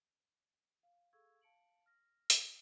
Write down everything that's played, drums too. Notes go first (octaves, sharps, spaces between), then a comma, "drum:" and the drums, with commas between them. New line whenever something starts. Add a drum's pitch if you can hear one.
F5
G#4 A4 F5 C#6 E6 G#6
F5 A5 C#7 D7 F#7
F6 A#6
drum: hi-hat